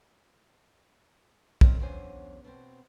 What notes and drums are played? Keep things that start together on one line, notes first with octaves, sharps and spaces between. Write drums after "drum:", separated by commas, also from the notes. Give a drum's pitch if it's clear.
A#2 C#3 C4 A#4 D#5, drum: kick
E2 C#3 F#3 D4 C5 G#5
B2 C4